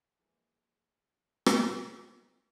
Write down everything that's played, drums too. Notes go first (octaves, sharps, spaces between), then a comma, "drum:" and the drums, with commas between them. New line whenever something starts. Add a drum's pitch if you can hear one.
E3 F3 G#3 A#3
drum: rim click
C5 D5 E5 A#5 B5 C#6